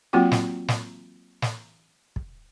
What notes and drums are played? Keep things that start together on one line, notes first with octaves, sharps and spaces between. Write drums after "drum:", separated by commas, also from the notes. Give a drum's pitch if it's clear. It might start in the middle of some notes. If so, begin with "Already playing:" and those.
F#3 A#3 C4 F4 F#4 G5
drum: snare
drum: snare
drum: snare
drum: kick